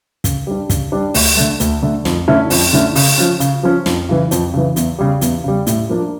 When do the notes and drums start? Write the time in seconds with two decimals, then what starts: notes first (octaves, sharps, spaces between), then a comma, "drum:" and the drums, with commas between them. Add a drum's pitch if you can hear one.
0.24 C#3, drum: kick, hi-hat
0.47 G3 D4
0.70 C#3, drum: kick, hi-hat
0.92 G3 D4
1.14 D2, drum: open hi-hat
1.37 D3 A3
1.60 D2, drum: hi-hat
1.82 D3 A3
2.05 F2, drum: snare
2.28 D3 A3 C#4 E4
2.50 F2, drum: open hi-hat
2.73 D3 A3 C#4 E4
2.95 C#3, drum: open hi-hat
3.18 F3 C#4
3.40 C#3, drum: hi-hat
3.63 F3 C#4
3.86 F2, drum: snare
4.09 C#3 E3
4.31 F2, drum: hi-hat
4.54 C#3 E3
4.76 E2, drum: hi-hat
4.99 C#3 G3
5.21 E2, drum: hi-hat
5.44 C#3 G3
5.67 A2, drum: hi-hat
5.89 F3 A#3 D4